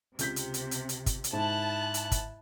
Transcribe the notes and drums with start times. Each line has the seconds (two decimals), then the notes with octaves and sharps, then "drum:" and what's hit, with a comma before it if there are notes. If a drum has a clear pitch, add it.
0.19 C#2 C3 G6 B6, drum: hi-hat
0.36 drum: hi-hat
0.54 drum: hi-hat
0.71 drum: hi-hat
0.89 drum: hi-hat
1.06 drum: kick, hi-hat
1.24 drum: hi-hat
1.33 G#2 E4 A5 F#6
1.94 drum: hi-hat
2.12 drum: kick, hi-hat